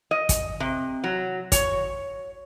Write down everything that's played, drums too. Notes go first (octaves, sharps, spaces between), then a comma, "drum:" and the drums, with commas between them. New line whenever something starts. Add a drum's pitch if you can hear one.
D#5
drum: kick, hi-hat
C3
F#3
C#5, drum: kick, hi-hat